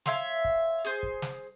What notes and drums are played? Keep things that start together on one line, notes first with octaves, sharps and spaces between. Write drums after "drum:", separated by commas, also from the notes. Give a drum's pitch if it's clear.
C#5 E5 F5 C6, drum: snare
drum: kick
G#4 C5
drum: kick
drum: snare